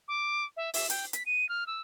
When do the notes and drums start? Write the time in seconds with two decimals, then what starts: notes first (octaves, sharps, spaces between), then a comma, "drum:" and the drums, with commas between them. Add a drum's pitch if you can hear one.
0.08 D6
0.57 E5
0.74 E5, drum: open hi-hat
0.90 G5, drum: hi-hat
1.13 B6, drum: hi-hat
1.26 D#7
1.49 F6
1.67 E6